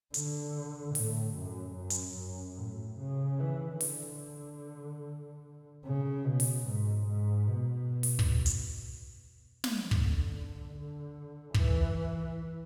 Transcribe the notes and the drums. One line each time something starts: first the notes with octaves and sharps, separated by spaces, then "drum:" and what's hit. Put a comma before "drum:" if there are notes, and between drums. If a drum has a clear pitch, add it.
D3, drum: hi-hat
A2, drum: open hi-hat
F#2
F#2
drum: hi-hat
F#2
A2
C#3
E3
D3, drum: open hi-hat
C#3
B2
drum: open hi-hat
G#2
G#2
B2
drum: open hi-hat
drum: kick
drum: hi-hat
drum: snare
D3, drum: kick
D3
E3, drum: kick